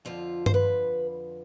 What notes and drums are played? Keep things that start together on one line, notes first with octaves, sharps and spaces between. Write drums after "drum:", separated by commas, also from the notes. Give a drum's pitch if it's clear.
F2 D3 F3 F4
C5, drum: tom G2
B4